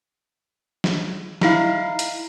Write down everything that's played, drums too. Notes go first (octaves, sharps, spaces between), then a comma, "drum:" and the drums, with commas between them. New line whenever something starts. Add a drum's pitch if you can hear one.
drum: snare
D#4 E4 F5, drum: snare
drum: hi-hat